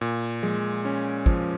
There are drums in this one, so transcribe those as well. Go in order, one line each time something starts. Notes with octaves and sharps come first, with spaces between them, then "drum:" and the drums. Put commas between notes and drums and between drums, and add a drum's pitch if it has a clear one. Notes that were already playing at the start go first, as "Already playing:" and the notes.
A#2
G#3, drum: tom F3
C#4
F3, drum: kick